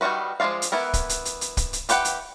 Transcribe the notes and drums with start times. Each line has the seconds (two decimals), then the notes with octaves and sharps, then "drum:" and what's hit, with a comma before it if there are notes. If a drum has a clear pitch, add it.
0.01 D#3 G3 C#4 F#4 B4
0.40 F3 G#3 F#4 D5 F5
0.62 drum: hi-hat
0.72 E3 B3 E4 A#4
0.94 drum: kick, hi-hat
1.09 drum: hi-hat
1.25 drum: hi-hat
1.41 drum: hi-hat
1.57 drum: kick, hi-hat
1.73 drum: hi-hat
1.89 E3 G4 B4 F#5 G5, drum: hi-hat
2.05 drum: hi-hat